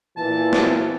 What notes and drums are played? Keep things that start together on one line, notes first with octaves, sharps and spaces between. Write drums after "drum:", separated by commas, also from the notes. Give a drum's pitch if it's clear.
A#2 E3 A5
drum: snare